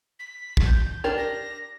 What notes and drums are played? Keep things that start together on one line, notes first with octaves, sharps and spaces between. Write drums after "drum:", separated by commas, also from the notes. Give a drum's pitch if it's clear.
B6
drum: kick A#1
G6
D4 G4 A#4 A6
A#6